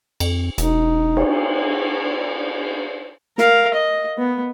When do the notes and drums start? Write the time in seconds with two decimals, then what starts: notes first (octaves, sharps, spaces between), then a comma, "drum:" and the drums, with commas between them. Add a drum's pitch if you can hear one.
0.20 F2, drum: cymbal
0.58 E1 D#4, drum: hi-hat
1.17 drum: cymbal
3.38 A#4 F5, drum: snare
3.74 D#5
4.18 B3